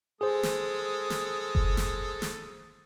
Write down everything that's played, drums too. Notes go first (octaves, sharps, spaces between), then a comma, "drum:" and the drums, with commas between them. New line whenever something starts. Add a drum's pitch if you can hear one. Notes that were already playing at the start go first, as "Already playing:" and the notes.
G#3 G#4 A4 C5 D#6
drum: snare
drum: snare
drum: kick F#1
drum: snare
drum: snare